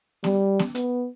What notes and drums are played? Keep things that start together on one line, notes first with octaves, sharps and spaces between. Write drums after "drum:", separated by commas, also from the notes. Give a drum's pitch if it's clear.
G3, drum: snare B3
drum: snare B3
B3, drum: hi-hat